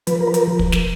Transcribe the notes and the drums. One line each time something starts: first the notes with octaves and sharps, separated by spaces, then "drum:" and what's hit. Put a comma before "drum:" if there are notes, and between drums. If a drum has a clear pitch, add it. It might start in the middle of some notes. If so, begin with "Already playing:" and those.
F3 B4, drum: hi-hat
A#4
B4
A#4, drum: hi-hat
drum: kick
drum: snare